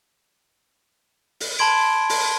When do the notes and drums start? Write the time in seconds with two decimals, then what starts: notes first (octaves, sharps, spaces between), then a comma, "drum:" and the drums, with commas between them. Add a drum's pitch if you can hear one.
1.40 drum: open hi-hat
1.59 A5 B5 C6 G#6 D7
2.09 drum: open hi-hat